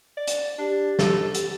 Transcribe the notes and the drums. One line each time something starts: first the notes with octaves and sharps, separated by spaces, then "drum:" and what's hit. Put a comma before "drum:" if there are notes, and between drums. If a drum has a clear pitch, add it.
D5
drum: hi-hat
D4 G4
A4, drum: snare
drum: hi-hat